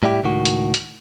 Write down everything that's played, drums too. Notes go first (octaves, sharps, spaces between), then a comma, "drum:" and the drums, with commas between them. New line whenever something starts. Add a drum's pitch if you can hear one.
A2 G3 E4 G4
C#2 A2 D#3 F#4
drum: hi-hat
drum: hi-hat